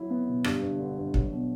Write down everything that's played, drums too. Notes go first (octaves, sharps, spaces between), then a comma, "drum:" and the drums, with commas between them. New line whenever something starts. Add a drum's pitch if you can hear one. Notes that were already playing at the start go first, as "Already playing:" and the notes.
Already playing: F#3 E4
B3
B2
G2, drum: rim click
G1
D3
G1
F#3, drum: kick
B2